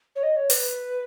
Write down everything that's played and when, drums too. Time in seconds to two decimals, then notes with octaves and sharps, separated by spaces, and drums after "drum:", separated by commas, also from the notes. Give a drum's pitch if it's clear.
0.16 C#5
0.23 D#5
0.36 C#5
0.50 B4, drum: open hi-hat